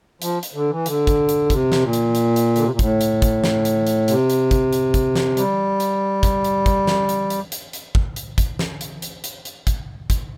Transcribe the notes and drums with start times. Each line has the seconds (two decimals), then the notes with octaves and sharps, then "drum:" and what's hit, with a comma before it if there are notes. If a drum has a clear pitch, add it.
0.22 F3, drum: hi-hat
0.43 drum: hi-hat
0.54 D3
0.70 E3
0.86 D3, drum: hi-hat
1.07 drum: kick, hi-hat
1.29 drum: hi-hat
1.46 A#2
1.50 C3, drum: kick, hi-hat
1.72 drum: snare
1.82 A#2
1.93 drum: hi-hat
2.15 drum: hi-hat
2.36 drum: hi-hat
2.56 D3, drum: hi-hat
2.63 C3
2.71 A#2
2.79 A2, drum: kick, hi-hat
3.01 drum: hi-hat
3.22 drum: kick, hi-hat
3.44 drum: snare
3.65 drum: hi-hat
3.87 drum: hi-hat
4.08 C3, drum: hi-hat
4.30 drum: hi-hat
4.51 drum: kick, hi-hat
4.73 drum: hi-hat
4.94 drum: kick, hi-hat
5.16 drum: snare
5.37 G3, drum: hi-hat
5.80 drum: hi-hat
6.23 drum: kick, hi-hat
6.44 drum: hi-hat
6.66 drum: kick, hi-hat
6.87 drum: snare
7.09 drum: hi-hat
7.30 drum: hi-hat
7.52 drum: hi-hat
7.73 drum: hi-hat
7.95 drum: kick
8.16 drum: hi-hat
8.38 drum: kick, hi-hat
8.59 drum: snare
8.81 drum: hi-hat
9.02 drum: hi-hat
9.24 drum: hi-hat
9.45 drum: hi-hat
9.67 drum: kick, hi-hat
10.10 drum: kick, hi-hat